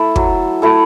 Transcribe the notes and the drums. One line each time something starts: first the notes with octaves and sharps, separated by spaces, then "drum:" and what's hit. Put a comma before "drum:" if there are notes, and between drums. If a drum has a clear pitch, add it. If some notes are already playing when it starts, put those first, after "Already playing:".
Already playing: A3 E4 A4
F#3, drum: kick
A3 E4 A4